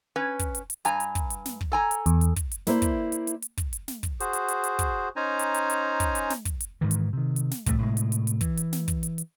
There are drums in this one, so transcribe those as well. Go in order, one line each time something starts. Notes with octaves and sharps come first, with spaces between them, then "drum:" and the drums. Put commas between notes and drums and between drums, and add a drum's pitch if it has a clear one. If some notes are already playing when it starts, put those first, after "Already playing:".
C#4 B4
drum: kick, hi-hat
drum: hi-hat
drum: hi-hat
G2 G#5 A#5, drum: hi-hat
drum: hi-hat
drum: kick, hi-hat
drum: hi-hat
drum: snare
drum: kick
A4 G#5 A#5
drum: hi-hat
E2, drum: hi-hat
drum: hi-hat
drum: kick, hi-hat
drum: hi-hat
A#3 E4 C5 D5, drum: snare
drum: kick, hi-hat
drum: hi-hat
drum: hi-hat
drum: hi-hat
drum: kick, hi-hat
drum: hi-hat
drum: snare
drum: kick, hi-hat
F#4 G#4 C5, drum: hi-hat
drum: hi-hat
drum: hi-hat
drum: hi-hat
drum: kick, hi-hat
C#4 D#4 C5 G#5 A#5
drum: hi-hat
drum: hi-hat
drum: hi-hat
drum: kick, hi-hat
drum: hi-hat
drum: snare
drum: kick, hi-hat
drum: hi-hat
G#2 D#3 E3
drum: hi-hat
C3 D#3
drum: hi-hat
drum: snare
C2 A2 E3 A3, drum: kick, hi-hat
A2 C3 G#3
drum: hi-hat
drum: hi-hat
drum: hi-hat
E3, drum: kick, hi-hat
drum: hi-hat
drum: snare
drum: kick, hi-hat
drum: hi-hat
drum: hi-hat